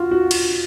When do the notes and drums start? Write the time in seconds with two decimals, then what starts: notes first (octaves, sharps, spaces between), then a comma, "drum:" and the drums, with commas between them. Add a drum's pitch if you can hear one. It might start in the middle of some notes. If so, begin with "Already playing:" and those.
Already playing: F4 F#4
0.11 F#4
0.31 drum: cymbal